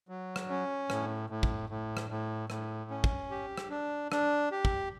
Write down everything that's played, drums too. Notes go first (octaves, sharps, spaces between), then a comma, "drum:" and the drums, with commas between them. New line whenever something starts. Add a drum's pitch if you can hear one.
F#3
drum: rim click
C#4
A2, drum: rim click
A2
drum: kick
A2
drum: rim click
A2
A2, drum: rim click
C#4
drum: kick
G4
drum: rim click
D4
D4, drum: rim click
G4
drum: kick